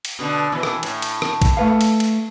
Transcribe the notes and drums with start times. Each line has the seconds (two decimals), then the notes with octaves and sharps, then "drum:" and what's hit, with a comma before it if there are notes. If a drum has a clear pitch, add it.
0.05 drum: cymbal
0.19 B2 D3
0.52 B2 E3
0.63 drum: rim click
0.83 A2, drum: cymbal
1.02 drum: cymbal
1.22 drum: rim click
1.42 drum: kick, cymbal
1.57 A3 B4 F5
1.81 drum: cymbal
2.00 drum: cymbal